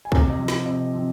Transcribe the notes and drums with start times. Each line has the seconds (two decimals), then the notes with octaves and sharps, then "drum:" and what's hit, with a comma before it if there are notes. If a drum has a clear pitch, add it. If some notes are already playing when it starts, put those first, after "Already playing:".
0.05 G#5
0.12 C3 A#5, drum: kick
0.30 D#5
0.38 F3 C4
0.48 C5, drum: snare
0.66 C3 D#5
0.93 F3 C4